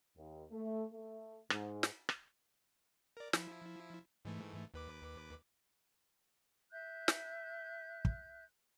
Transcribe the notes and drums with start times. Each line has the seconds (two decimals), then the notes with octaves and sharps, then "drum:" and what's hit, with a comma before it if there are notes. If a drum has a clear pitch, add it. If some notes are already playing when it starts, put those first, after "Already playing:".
0.16 D#2
0.51 A3
0.91 A3
1.50 G#2, drum: rim click
1.83 drum: snare
2.09 drum: rim click
3.17 A#4 D5
3.33 F3 E4, drum: snare
4.25 G#2 E3 A3
4.74 D#2 B4 D6
6.71 E5 F#6 G6
7.08 drum: snare
8.05 drum: kick